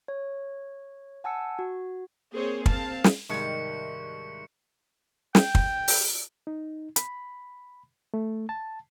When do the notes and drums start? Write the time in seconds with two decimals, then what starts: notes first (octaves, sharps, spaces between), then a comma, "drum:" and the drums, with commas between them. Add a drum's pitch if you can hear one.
0.08 C#5
1.24 F#5 G#5 A5 E6 C#7
1.59 F#4
2.32 A#3 C4 G#4 C5 C#5
2.66 C4 F5 A5, drum: kick
3.04 drum: snare
3.29 C2 G#2 D#3 G3 C#6 G#6 C#7
5.35 G5, drum: snare
5.55 drum: kick
5.88 drum: open hi-hat
6.47 D#4
6.96 B5, drum: hi-hat
8.14 A3
8.49 A5